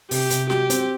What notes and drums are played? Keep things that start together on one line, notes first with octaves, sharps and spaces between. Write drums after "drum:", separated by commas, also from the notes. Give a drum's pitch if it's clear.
C3 G4, drum: open hi-hat
C3, drum: hi-hat
F#3 G4, drum: snare
C4, drum: hi-hat